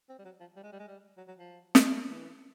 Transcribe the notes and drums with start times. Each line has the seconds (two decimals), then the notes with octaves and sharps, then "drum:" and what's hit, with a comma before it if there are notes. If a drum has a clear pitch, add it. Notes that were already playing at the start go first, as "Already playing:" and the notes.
0.09 C4
0.18 G3
0.25 F#3
0.40 F3
0.56 G3
0.63 G#3
0.72 G3
0.79 G#3
0.88 G3
1.18 F#3
1.28 F#3
1.39 F3
1.75 drum: snare
2.10 E3